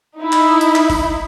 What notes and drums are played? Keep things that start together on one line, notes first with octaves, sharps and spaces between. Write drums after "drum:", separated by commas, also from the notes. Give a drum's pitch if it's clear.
D#4 E4
drum: clap
drum: hi-hat
drum: clap
drum: kick F#1, open hi-hat